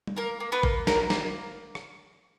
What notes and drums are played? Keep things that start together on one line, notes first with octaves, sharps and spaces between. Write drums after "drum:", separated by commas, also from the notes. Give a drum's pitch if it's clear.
drum: tom G3
A#3 A#4
A#3
B3 B4
A#3, drum: kick A1
F#4 A#4, drum: snare
A#3, drum: snare
drum: rim click